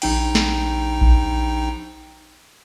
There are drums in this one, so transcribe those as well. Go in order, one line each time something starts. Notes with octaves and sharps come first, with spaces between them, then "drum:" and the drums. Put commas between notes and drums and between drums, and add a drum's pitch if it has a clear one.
A#1 D#4 G5, drum: open hi-hat
drum: snare
drum: kick A#1